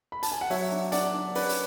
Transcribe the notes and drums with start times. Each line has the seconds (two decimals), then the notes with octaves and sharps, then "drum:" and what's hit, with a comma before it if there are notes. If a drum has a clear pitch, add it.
0.12 B5
0.23 A5, drum: hi-hat
0.32 G#5
0.41 F#5
0.50 F#3 C#5 E5, drum: open hi-hat
0.72 D4
0.92 D4 D5 F#5, drum: hi-hat
1.14 D4
1.35 C#4 B4 D5, drum: open hi-hat
1.49 drum: hi-hat